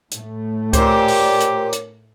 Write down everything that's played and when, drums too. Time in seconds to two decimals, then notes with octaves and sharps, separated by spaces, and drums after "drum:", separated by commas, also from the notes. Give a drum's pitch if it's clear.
0.11 A2 A3, drum: hi-hat
0.73 A#2 G4 A#4 C5 C#5 D6, drum: kick C#2, hi-hat
1.08 drum: open hi-hat
1.40 drum: hi-hat
1.73 drum: hi-hat